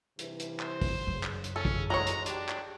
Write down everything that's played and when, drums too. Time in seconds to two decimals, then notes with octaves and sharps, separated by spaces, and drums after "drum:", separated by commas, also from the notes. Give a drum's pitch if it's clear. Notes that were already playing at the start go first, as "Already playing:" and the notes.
0.19 G2 C3 E3, drum: hi-hat
0.40 drum: hi-hat
0.60 C5, drum: clap
0.82 drum: kick, open hi-hat
1.07 F#2 C#3
1.23 drum: clap
1.44 drum: hi-hat
1.56 C#4 A4
1.65 drum: kick
1.90 D3 E3 F#3 G#3 C#5 A#5
2.07 drum: hi-hat
2.26 D4 G4, drum: hi-hat
2.48 drum: clap